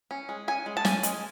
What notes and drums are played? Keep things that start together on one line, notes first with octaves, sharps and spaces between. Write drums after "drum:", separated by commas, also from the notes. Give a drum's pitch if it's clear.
C#4
G#3
C#4 G#5
G#3
A5
C#4 G#5, drum: snare
G#3, drum: hi-hat